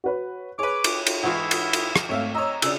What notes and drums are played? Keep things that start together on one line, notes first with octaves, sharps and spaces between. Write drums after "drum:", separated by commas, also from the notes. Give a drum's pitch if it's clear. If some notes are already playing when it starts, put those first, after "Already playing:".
F#4 B4 C#5
G#4 B4 C#5 D6
drum: cymbal
drum: cymbal
G#2 E3 E4 F4 F#5 C#6 D#6
drum: cymbal
drum: cymbal
drum: rim click
G#1 A3 C#5 E5 F5
C#5 D#5 A#5 E6
C#3 D4 E6, drum: cymbal